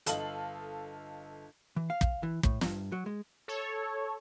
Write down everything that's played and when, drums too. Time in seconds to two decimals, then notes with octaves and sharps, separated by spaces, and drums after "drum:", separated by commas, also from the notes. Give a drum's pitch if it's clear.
0.06 G1 A4 D#5 F5 F#7, drum: hi-hat
1.76 E3
1.90 F5
2.01 drum: kick
2.23 E3
2.43 A2, drum: kick
2.61 G2, drum: snare
2.92 F#3
3.06 G#3
3.48 A4 C#5